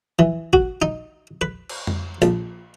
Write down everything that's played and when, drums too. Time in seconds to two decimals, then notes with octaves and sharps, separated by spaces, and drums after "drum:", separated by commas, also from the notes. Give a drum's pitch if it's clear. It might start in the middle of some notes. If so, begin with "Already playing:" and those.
0.19 E3
0.53 F#4, drum: kick G#1
0.82 D#4
1.41 B4
1.69 drum: cymbal
1.87 drum: tom F2
2.22 A#1, drum: hi-hat